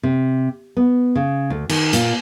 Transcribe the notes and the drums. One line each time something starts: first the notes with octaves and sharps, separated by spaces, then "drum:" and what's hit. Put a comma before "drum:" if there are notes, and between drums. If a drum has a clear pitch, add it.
C3
B3
C#3
D2
D#3, drum: cymbal
A#2, drum: hi-hat